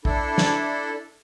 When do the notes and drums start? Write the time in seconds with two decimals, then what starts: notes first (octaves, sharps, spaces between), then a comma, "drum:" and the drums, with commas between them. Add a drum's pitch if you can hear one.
0.05 D4 E4 A4, drum: kick
0.38 drum: snare